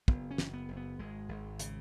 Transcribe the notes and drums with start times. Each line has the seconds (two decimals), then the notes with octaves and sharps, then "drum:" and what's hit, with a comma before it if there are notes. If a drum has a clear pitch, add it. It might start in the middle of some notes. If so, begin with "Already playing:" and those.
0.08 F#1 B3, drum: kick
0.31 C#4
0.38 F#1, drum: snare
0.53 B3
0.69 F#1
0.77 B3
0.99 G#1 G#3
1.29 G#1
1.59 C#3, drum: hi-hat